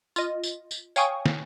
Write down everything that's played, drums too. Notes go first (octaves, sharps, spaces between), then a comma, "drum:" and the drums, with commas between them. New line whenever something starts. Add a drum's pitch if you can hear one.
F4 D#5, drum: tambourine
drum: tambourine
drum: tambourine
C#5 F5 G5 G#5 C#6 D#6, drum: tambourine
drum: snare